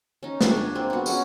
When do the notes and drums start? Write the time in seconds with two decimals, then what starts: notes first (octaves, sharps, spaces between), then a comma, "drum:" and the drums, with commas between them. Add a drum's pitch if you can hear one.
0.23 C#4 D#4
0.41 D4 G4 C#5 G#5, drum: snare
0.56 D4
0.75 G#3 A#3 C4
0.90 B3 F#4
1.06 G#3 C#4 F#4, drum: tambourine